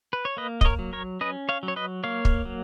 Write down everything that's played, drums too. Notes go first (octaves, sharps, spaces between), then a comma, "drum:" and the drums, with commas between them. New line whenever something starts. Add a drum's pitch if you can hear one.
B4
C#5
A#3 B4 D#5
D#5, drum: kick
A#4 C#5
F#3
A#4 C#5
C#4 B4 D#5
C#5 F5
F#3
C#5
B4 D#5
A#3 C#5 F5
drum: kick
F#3